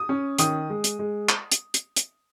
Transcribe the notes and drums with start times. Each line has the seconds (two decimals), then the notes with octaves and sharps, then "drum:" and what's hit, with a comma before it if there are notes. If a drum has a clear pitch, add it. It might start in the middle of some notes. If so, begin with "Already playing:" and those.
Already playing: D#6
0.09 C#4
0.39 D#3 D#6, drum: hi-hat
0.70 G#3
0.84 drum: hi-hat
0.99 G#3
1.29 drum: clap
1.52 drum: hi-hat
1.74 drum: hi-hat
1.96 drum: hi-hat